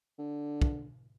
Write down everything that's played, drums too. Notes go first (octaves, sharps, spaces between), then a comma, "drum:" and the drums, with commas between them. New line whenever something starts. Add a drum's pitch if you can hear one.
D3
drum: kick